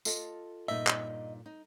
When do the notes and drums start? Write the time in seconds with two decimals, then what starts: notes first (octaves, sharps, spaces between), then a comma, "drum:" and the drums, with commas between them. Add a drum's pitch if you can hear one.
0.05 F4 A4 D#5, drum: tambourine
0.68 G2 A#2 D#4 D#5 E5
0.87 drum: clap
1.46 D#4